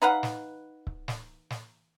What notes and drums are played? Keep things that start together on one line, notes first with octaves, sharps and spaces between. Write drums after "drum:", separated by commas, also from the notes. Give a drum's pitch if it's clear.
D#4 B4 F5 F#5
drum: snare
drum: kick C#1
drum: snare
drum: snare